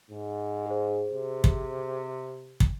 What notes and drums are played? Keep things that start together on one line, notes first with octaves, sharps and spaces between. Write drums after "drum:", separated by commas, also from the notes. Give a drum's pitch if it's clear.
G#2
G#4 C5
C3
drum: kick
drum: kick